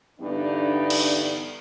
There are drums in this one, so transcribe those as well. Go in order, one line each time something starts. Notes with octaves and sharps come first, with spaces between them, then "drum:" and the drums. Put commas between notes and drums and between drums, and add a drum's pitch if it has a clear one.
G2 D3 E3 B3 D4 D#4
drum: cymbal